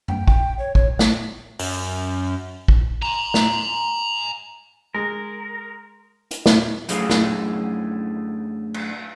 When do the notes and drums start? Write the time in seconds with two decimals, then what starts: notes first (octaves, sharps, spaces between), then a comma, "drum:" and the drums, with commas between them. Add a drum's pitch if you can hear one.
0.08 G5, drum: tom F#2
0.28 G5, drum: kick
0.59 C#5
0.75 C#5, drum: kick
0.99 drum: snare
1.59 F#2, drum: open hi-hat
2.68 drum: kick
3.02 G#5 A#5
3.34 drum: snare
4.94 G#3 A#4
6.31 drum: hi-hat
6.46 drum: snare
6.89 F#2 A2 D3 A3 G#4 F5, drum: hi-hat
7.10 drum: snare
8.74 drum: cymbal